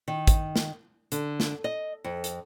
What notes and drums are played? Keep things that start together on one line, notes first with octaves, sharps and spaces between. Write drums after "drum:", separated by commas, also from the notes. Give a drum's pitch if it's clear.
D#3
drum: kick, hi-hat
drum: snare
D3, drum: hi-hat
drum: snare
D#5
F2
drum: hi-hat